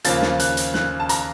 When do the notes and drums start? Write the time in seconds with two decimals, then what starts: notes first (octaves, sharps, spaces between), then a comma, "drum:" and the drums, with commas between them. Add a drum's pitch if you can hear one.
0.04 D#2 C#3 F3 A#3 A6, drum: hi-hat
0.22 drum: snare
0.40 F#6, drum: hi-hat
0.57 drum: hi-hat
0.74 F#6, drum: snare
1.00 A5
1.09 A#5, drum: hi-hat